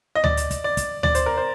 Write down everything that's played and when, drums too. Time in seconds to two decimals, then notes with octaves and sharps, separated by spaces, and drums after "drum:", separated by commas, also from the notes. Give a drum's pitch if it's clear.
0.15 D#5
0.24 D5, drum: tom D2
0.37 drum: hi-hat
0.51 drum: kick, hi-hat
0.64 D5
0.77 drum: kick, hi-hat
1.03 D5, drum: tom D2
1.15 C5, drum: hi-hat
1.26 A#4
1.37 C5